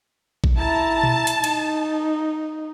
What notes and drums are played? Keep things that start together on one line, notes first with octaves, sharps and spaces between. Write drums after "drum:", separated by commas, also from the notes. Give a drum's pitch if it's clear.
drum: kick A1
E4 A5 A#5
drum: tom A#2
drum: hi-hat
D#4, drum: cymbal